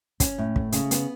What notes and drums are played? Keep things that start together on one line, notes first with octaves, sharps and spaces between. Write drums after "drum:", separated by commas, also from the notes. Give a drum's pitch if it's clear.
C#4, drum: kick, hi-hat
A2
A3, drum: kick
C#3, drum: hi-hat
B3, drum: hi-hat